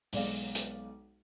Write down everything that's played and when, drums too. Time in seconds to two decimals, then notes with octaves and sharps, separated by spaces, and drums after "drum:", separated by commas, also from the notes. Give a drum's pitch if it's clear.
0.13 B1 G#3 D5 F5, drum: open hi-hat
0.55 drum: hi-hat